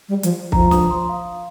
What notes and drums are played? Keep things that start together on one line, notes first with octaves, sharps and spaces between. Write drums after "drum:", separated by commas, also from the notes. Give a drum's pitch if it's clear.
G3
F3, drum: hi-hat
F3 A#5, drum: kick C2
D#6, drum: snare
C6
F5